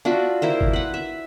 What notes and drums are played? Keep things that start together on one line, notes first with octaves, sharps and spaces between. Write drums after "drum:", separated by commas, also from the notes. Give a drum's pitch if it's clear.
D4 F4 F#4 E5
A#3 E4 A#4 C5
drum: kick G1
B4 F#5
E5